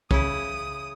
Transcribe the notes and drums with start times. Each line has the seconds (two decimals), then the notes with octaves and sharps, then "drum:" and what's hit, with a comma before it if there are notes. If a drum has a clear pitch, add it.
0.11 C#3 E4 D#6, drum: kick